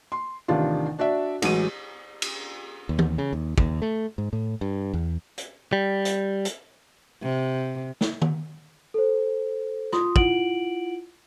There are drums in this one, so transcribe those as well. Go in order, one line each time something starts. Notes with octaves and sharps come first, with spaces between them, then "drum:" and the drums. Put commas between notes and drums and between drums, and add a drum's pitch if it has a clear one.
C6
A1 C3 D#3 D4 F4
D4 F#4 D5 E5
A1 F#3 G#3 D#7, drum: cymbal
drum: cymbal
D#2
drum: tom
C#3
D#2
D#2, drum: kick
A3
G#2
A2
G2
E2
drum: hi-hat
G3
drum: hi-hat
drum: hi-hat
C3
drum: snare
drum: tom D#3
A4 C5
F4 C6 D#6, drum: rim click
E4 F4 F#5 D7 F#7, drum: kick